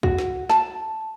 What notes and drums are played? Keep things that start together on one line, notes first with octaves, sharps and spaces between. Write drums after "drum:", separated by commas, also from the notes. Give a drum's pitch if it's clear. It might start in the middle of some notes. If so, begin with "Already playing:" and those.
F#4, drum: kick
drum: snare
A5, drum: snare